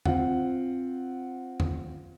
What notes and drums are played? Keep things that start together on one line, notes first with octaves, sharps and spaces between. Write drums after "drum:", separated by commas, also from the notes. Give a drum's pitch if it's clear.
C4 F4 F#5, drum: tom E2
drum: tom E2